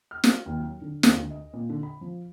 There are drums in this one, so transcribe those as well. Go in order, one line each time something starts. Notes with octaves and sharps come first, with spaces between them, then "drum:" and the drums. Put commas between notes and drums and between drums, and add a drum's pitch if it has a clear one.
F6
F#4, drum: snare
D#2
F#3
D3
D#2, drum: snare
D2
D#5
A#2
D3
B5
F3